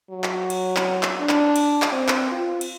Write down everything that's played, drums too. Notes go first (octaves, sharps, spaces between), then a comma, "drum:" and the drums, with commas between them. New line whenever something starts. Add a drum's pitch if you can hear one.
F#3
drum: clap
drum: cymbal
drum: clap
drum: clap
D4
drum: clap
drum: cymbal
drum: clap
C4
drum: clap
F4
drum: cymbal